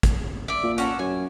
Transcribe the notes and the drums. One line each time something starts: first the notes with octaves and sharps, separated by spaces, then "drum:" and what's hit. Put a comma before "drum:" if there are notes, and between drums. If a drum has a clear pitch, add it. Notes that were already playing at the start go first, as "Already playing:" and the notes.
drum: kick, hi-hat
D5 E5
A#2
C#4 F#4 A4, drum: hi-hat
F#2 G#5